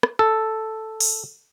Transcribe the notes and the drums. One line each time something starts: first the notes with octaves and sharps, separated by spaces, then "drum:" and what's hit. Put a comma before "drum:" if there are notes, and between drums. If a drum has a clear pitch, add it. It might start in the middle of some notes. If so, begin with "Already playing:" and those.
drum: rim click
A4
drum: open hi-hat